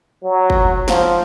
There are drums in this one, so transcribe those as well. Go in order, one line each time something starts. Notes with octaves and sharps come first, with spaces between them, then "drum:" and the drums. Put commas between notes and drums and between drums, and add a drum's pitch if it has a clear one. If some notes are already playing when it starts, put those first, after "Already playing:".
F#3
drum: kick
F3, drum: snare